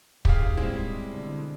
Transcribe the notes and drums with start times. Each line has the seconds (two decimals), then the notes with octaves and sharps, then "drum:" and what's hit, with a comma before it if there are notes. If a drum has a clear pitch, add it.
0.25 B1 A2 G4 G#4 F5, drum: kick
0.57 G3 G#3 C4 E4 E5
1.05 B2 D3